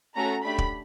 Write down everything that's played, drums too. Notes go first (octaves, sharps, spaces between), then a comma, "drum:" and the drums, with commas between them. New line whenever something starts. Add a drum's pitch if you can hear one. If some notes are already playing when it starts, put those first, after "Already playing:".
A3 C#4 F#4 A4 A#5
A3 D4 G4 B5
drum: kick